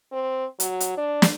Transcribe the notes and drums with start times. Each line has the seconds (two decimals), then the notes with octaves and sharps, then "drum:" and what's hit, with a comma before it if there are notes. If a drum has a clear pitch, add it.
0.12 C4
0.60 F#3, drum: hi-hat
0.80 drum: hi-hat
0.97 D4
1.22 drum: snare